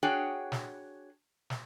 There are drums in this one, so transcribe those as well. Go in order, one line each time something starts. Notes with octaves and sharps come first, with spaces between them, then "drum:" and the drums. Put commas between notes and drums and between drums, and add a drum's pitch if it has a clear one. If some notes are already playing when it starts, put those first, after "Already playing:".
D4 F#4 G#4 C#5 G5
drum: snare
drum: snare